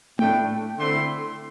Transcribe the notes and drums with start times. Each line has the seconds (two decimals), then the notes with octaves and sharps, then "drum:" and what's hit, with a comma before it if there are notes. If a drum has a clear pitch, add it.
0.19 A2 A3 D4 G5, drum: tom A3
0.79 D3 A3 C4 E4 C6